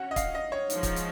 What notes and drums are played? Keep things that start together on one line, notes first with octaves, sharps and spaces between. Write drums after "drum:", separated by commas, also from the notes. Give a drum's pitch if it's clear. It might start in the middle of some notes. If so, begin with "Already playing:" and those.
Already playing: C#4 F#4 C#5 F#5
D#5
F5, drum: kick, hi-hat
D#5
C#5
F3 G#3 D#4, drum: hi-hat
drum: kick, hi-hat
drum: hi-hat